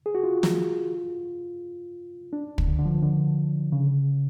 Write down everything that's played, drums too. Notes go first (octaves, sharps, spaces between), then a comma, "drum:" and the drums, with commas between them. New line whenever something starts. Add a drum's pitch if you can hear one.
G#4
F#4
F4
drum: snare
D4
drum: kick
D3
D3
F3
D3
C#3